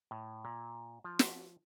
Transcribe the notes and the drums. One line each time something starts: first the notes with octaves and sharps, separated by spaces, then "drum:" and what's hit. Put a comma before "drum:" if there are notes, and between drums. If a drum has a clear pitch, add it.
A2
A#2
F3
drum: snare